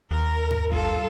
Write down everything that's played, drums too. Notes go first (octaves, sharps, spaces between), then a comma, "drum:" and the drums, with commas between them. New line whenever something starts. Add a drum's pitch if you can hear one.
D#2 A#4
drum: tom G2
G2 F4 A4, drum: kick G#1